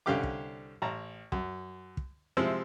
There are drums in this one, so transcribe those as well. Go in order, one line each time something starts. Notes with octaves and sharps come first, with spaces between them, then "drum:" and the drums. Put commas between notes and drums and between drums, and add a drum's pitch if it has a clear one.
C2 D3 C#4 G4 F5 D6
drum: kick
A1 A5 A#5
F#2, drum: kick
drum: kick
C3 F3 G#3 C4 E4